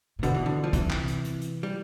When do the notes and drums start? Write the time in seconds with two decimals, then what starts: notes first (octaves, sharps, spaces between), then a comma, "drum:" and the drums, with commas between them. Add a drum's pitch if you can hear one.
0.19 A2
0.23 B2 D3, drum: hi-hat
0.35 E3
0.46 D3
0.64 F3
0.73 C3 E3, drum: kick, hi-hat
0.91 drum: clap
1.08 drum: hi-hat
1.24 drum: hi-hat
1.41 drum: hi-hat
1.63 G3